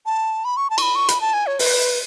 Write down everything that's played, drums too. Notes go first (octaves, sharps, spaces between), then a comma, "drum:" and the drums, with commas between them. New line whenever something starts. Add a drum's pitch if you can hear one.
A5
B5
C#6
A5
C#6, drum: cymbal
B5
C#6
B5, drum: hi-hat
A5
G#5
C#5
B4, drum: open hi-hat